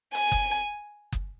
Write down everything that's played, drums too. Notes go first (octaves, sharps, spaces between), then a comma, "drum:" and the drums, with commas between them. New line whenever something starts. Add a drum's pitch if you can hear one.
G#5, drum: hi-hat
drum: kick F#1
drum: kick F#1